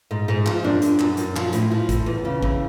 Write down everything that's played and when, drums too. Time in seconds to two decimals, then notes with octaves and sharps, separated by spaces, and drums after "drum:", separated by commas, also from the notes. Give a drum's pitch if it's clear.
0.11 G#2
0.28 G#2
0.46 F3, drum: clap
0.64 F#2 D4
0.82 F#2, drum: hi-hat
0.99 F#2, drum: clap
1.17 F#2, drum: hi-hat
1.36 F3, drum: clap
1.53 A2, drum: hi-hat
1.72 F3
1.89 A2, drum: kick, hi-hat
2.06 E2
2.25 C#3
2.43 E2, drum: kick